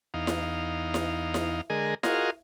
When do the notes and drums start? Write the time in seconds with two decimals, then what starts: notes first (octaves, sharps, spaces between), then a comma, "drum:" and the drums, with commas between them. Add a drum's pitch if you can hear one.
0.14 E2 D#4 F5
0.27 drum: snare E4
0.94 drum: snare E4
1.34 drum: snare E4
1.70 D3 G#3 G#4 A#4 D#5
2.03 F4 F#4 G#4 A#4 D#5 F5, drum: snare E4